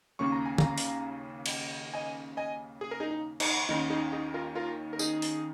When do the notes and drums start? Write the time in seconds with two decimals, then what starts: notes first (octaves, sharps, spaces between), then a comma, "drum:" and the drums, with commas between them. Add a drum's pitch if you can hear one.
0.19 D#2 C#3 A#3 C#4 C#6
0.32 A#5
0.46 G#5
0.58 F5 A#5, drum: tom
0.78 drum: open hi-hat
1.46 drum: cymbal
1.94 D#5 G#5
2.37 D#5 G#5
2.81 G#4
2.91 A#4
3.00 D#4 G#4
3.11 D#4
3.40 D#4, drum: cymbal
3.69 D#2 D#3 C#4 D#4
3.90 D#4 G#4
4.12 D#4 G#4
4.34 F4 A#4
4.55 F4 A#4
4.93 A#4
4.99 D#4 G#4, drum: tambourine
5.22 drum: open hi-hat